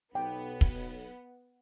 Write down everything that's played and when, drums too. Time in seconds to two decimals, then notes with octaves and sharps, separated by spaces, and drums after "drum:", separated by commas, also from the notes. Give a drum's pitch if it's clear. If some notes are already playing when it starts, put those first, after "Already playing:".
0.15 B1 B3 G5
0.61 drum: kick